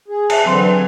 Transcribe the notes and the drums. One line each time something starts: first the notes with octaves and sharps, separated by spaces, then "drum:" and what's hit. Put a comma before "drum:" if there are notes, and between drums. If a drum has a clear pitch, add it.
G#4
E5 A5, drum: cymbal
D3 E3 F#3 C4 C6
G#5